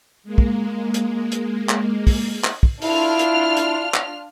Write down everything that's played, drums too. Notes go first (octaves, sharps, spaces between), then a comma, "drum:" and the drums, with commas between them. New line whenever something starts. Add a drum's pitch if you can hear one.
G#3 A#3
drum: kick
drum: hi-hat
drum: hi-hat
drum: clap
drum: kick, open hi-hat
drum: clap
drum: kick
D4 E4 F4 F6, drum: open hi-hat
drum: hi-hat
drum: hi-hat
drum: clap